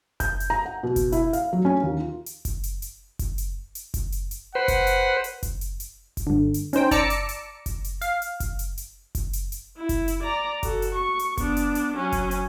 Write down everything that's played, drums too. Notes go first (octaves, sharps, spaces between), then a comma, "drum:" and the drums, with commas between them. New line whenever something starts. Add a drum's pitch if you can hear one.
G6, drum: kick F#1, hi-hat
drum: hi-hat
A#5
F#5
B2
drum: kick F#1, hi-hat
E4, drum: hi-hat
F5, drum: hi-hat
F#3
C#4
D#2
F4
drum: hi-hat
drum: kick F#1, hi-hat
drum: hi-hat
drum: hi-hat
drum: kick F#1, hi-hat
drum: hi-hat
drum: hi-hat
drum: kick F#1, hi-hat
drum: hi-hat
drum: hi-hat
B4 C5 F#5
drum: kick F#1, hi-hat
drum: hi-hat
drum: hi-hat
drum: kick F#1, hi-hat
drum: hi-hat
drum: hi-hat
drum: kick F#1, hi-hat
G2 D3
drum: hi-hat
C#4 D#4 C5 G5, drum: hi-hat
D5 A5 A#5 D6 E6 C#7, drum: kick F#1, hi-hat
drum: hi-hat
drum: hi-hat
drum: kick F#1, hi-hat
drum: hi-hat
F5, drum: hi-hat
drum: hi-hat
drum: kick F#1, hi-hat
drum: hi-hat
drum: hi-hat
drum: kick F#1, hi-hat
drum: hi-hat
drum: hi-hat
E4
drum: kick F#1, hi-hat
drum: hi-hat
D5 A#5
F#4 A4, drum: kick F#1, hi-hat
drum: hi-hat
C#6
drum: hi-hat
B3 D4, drum: kick F#1, hi-hat
drum: hi-hat
drum: hi-hat
F#3 C#4
drum: kick F#1, hi-hat
drum: hi-hat